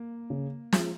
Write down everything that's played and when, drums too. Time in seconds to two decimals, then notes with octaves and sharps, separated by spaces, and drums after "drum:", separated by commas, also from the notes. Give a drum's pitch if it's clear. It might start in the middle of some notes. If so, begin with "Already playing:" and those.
Already playing: A#3
0.30 C#3
0.73 F3 G#3, drum: snare